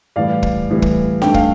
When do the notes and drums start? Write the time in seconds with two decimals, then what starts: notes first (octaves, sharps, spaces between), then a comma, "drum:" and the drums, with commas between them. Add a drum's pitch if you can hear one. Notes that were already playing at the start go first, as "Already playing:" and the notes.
0.16 A2 E3 G3 D5 F5
0.43 drum: kick
0.69 A2 E3 G3
0.82 drum: kick
1.22 G2 D3 A3 G5, drum: snare D#4
1.34 F5, drum: kick